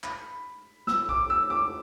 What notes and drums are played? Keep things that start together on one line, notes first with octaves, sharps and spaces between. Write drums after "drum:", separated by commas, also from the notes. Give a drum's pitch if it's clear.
B5, drum: clap
E6, drum: snare
D6, drum: kick
E6
D6